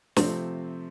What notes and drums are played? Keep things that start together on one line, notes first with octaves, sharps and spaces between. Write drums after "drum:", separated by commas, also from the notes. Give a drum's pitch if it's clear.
C3 F3 A3 C4, drum: snare